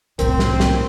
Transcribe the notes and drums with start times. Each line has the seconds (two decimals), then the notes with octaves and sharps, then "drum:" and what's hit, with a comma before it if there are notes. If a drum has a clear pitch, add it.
0.19 C2 A2 C4 A#4, drum: hi-hat
0.39 drum: snare
0.60 drum: snare